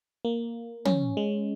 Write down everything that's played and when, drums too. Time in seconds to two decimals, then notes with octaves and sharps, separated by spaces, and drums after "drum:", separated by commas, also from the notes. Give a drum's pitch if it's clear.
0.25 A#3
0.85 C#4, drum: tom
1.17 G#3